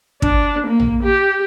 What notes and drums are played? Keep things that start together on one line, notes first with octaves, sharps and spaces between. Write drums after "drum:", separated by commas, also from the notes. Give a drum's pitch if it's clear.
D4, drum: kick
A#3
drum: tom A#1
G4